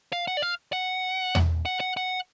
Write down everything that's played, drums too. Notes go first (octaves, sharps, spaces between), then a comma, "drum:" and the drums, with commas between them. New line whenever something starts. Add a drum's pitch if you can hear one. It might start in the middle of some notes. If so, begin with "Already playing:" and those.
F5
F#5
D5
F5
F#5
drum: tom E2
F#5
F#5
F#5